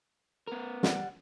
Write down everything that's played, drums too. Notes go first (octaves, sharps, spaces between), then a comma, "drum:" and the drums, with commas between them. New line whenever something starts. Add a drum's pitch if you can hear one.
B3 A#4
G3 D5 F#5, drum: snare